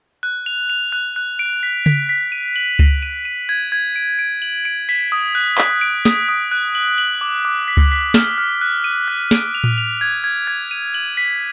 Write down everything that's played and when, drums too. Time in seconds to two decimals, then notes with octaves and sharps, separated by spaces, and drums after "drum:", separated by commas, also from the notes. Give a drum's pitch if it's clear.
0.23 F#6
0.46 F7
0.70 F7
0.92 F#6
1.16 F#6
1.39 D7
1.63 B6
1.86 B6, drum: tom C#3
2.09 B6
2.32 D#7
2.56 F#7
2.79 D#7, drum: kick C#2
3.02 D#7
3.25 D#7
3.49 G#6
3.72 G#6
3.96 D7
4.19 D7
4.42 F#7
4.65 D7
4.89 B6, drum: cymbal
5.12 D#6
5.35 F#6
5.58 B6, drum: clap
5.81 D7
6.05 D#6, drum: snare
6.29 D#6
6.51 F#6
6.75 F#7
6.98 F#7
7.21 D6
7.45 D6
7.68 B6
7.77 drum: kick C#2
7.92 B6
8.14 F6, drum: snare
8.38 F6
8.61 F#6
8.84 D#7
9.08 F#6
9.31 D7, drum: snare
9.55 F7
9.64 drum: tom A2
9.78 F7
10.01 G#6
10.24 G#6
10.47 G#6
10.71 D#7
10.94 F#7
11.17 B6